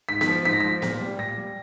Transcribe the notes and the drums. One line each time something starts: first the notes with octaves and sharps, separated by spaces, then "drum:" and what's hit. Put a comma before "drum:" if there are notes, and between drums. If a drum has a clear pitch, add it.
G#2 B6
B6, drum: snare B3
F3
G#2 B6
A#6
F3 B6
A#2, drum: snare B3
G3
A#2 A#6
G3